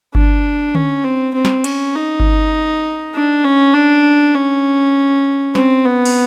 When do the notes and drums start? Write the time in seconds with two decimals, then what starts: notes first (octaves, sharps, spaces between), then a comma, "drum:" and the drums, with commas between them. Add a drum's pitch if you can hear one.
0.15 D4, drum: kick G1
0.75 C#4, drum: tom D3
1.04 C4
1.34 C4
1.45 drum: snare
1.64 C#4, drum: cymbal
1.95 D#4
2.20 drum: kick G1
3.16 D4
3.45 C#4
3.74 D4
4.35 C#4
5.55 C4, drum: snare
5.85 B3
6.05 drum: cymbal